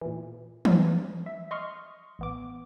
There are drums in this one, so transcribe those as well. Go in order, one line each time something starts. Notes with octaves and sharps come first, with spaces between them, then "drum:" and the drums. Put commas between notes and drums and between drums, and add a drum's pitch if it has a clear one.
A#2 E3
drum: tom E3
E5
D#5 C6 C#6 D#6 F6
A1 B3 D6